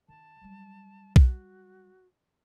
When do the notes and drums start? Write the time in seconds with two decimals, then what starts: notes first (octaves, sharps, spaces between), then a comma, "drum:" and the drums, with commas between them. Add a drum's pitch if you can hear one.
0.08 D#3 A5
0.41 F#3 G3
1.16 F#4, drum: kick B1